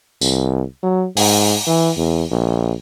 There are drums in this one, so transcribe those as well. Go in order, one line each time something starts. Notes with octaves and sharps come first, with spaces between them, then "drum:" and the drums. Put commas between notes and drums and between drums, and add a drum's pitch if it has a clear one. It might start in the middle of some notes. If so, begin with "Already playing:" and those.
C2, drum: tambourine
F#3
G#2, drum: open hi-hat
E3
E2
A#1